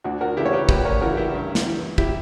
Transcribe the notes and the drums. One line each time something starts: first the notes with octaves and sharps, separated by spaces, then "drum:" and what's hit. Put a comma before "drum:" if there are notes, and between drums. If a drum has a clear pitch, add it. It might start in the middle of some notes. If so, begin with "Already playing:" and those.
D2 D4 F#4
F#4 A#4
C#3 E3 E4 G4
C#5
G4 B4
D2 G4 B4, drum: kick
A#4 C#5
C#3 E3 F#4 A#4
E4 G4
G2
drum: snare
E3
E4 G4, drum: kick